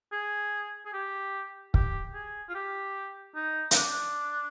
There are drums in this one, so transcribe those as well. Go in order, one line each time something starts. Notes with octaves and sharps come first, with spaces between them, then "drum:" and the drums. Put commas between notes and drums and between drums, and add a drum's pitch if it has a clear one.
G#4
G#4
G4
G4, drum: kick
G#4
F4
G4
D#4
D#4, drum: hi-hat
D4